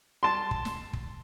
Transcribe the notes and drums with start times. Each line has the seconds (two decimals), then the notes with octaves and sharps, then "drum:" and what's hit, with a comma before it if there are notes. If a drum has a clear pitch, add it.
0.23 A5 C6
0.51 drum: kick
0.65 drum: snare
0.93 drum: kick